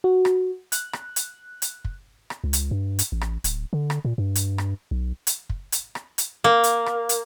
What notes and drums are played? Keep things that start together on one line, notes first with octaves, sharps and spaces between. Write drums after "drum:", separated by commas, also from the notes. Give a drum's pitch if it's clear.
F#4
drum: rim click
F#6, drum: hi-hat
drum: rim click
drum: hi-hat
drum: hi-hat
drum: kick
drum: rim click
C#2
drum: hi-hat
G2
drum: hi-hat
A1
drum: rim click
D1, drum: hi-hat
D3
drum: rim click
A#2
G2
drum: hi-hat
drum: rim click
B1
drum: hi-hat
drum: kick
drum: hi-hat
drum: rim click
drum: hi-hat
A#3
drum: hi-hat
drum: rim click
drum: hi-hat